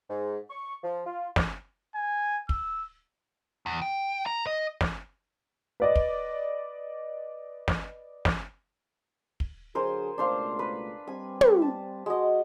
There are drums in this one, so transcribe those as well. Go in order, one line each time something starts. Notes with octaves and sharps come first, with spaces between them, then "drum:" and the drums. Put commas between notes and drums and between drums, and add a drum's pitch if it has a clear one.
G#2
C#6
F3
F4
drum: snare
G#5
E6, drum: kick
E2
G5
A#5
D#5
drum: snare
B4 D5 D#5
drum: kick
drum: snare
drum: snare
drum: kick
D3 F#3 G#4 A#4 C5 G#5
C#2 B2 A3 D4 C5 F5
B4
G3 C4 G#5
drum: tom
A5
G#3 F#4 D#5